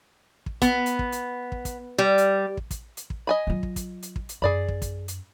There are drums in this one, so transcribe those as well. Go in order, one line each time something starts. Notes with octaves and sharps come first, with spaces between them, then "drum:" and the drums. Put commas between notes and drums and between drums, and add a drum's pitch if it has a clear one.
drum: kick
B3, drum: kick, hi-hat
drum: hi-hat
drum: kick
drum: hi-hat
drum: kick
drum: kick, hi-hat
G3
drum: hi-hat
drum: kick
drum: kick, hi-hat
drum: hi-hat
drum: kick
D#5 G#5 B5
F#3 F4
drum: kick
drum: kick, hi-hat
drum: hi-hat
drum: kick
drum: hi-hat
F#2 G#4 D5 B5
drum: kick
drum: kick, hi-hat
drum: hi-hat